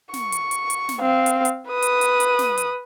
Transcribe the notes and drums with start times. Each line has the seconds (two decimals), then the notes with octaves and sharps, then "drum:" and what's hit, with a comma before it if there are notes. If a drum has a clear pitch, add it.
0.14 C#6, drum: snare
0.32 drum: hi-hat
0.51 drum: hi-hat
0.70 drum: hi-hat
0.89 drum: snare
1.00 C4 F5
1.26 drum: hi-hat
1.45 drum: hi-hat
1.69 B4 D#6
1.82 drum: hi-hat
2.01 drum: hi-hat
2.20 drum: hi-hat
2.39 drum: snare
2.57 drum: hi-hat